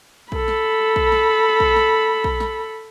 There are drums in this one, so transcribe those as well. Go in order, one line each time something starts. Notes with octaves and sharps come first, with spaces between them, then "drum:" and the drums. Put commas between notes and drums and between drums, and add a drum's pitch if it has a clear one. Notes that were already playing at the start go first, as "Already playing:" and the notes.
A4 B5, drum: kick B1
drum: snare
drum: kick B1
drum: snare
drum: kick B1
drum: snare
drum: kick B1
drum: snare